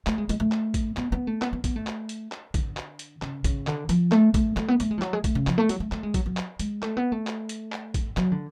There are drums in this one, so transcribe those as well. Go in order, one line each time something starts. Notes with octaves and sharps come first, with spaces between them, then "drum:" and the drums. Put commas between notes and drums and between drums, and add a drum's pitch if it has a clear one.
A3, drum: clap
G#3
G#3, drum: hi-hat
A3
drum: clap
drum: kick, hi-hat
B3, drum: clap
B3
A3
B3, drum: clap
B3
B3, drum: kick, hi-hat
A3
drum: clap
drum: hi-hat
drum: clap
D3, drum: kick, hi-hat
drum: clap
drum: hi-hat
C#3, drum: clap
C#3, drum: kick, hi-hat
D3, drum: clap
F3, drum: hi-hat
A3, drum: clap
A3, drum: kick, hi-hat
A3, drum: clap
B3
A3, drum: hi-hat
G#3
F3
F#3, drum: clap
G#3
A3, drum: kick, hi-hat
C#3
F3, drum: clap
A3
F#3, drum: hi-hat
A3
A3, drum: clap
G#3
F#3, drum: kick, hi-hat
F#3
drum: clap
G#3, drum: hi-hat
A3, drum: clap
B3
A3
drum: clap
drum: hi-hat
drum: clap
drum: kick, hi-hat
F#3, drum: clap
D3